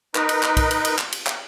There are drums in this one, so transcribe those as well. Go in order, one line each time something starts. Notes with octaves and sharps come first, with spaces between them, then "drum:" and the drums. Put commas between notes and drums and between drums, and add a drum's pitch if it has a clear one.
D#4 A#4 B4, drum: clap
drum: cymbal
drum: clap
drum: kick, cymbal
drum: cymbal
drum: cymbal
drum: clap
drum: cymbal
drum: clap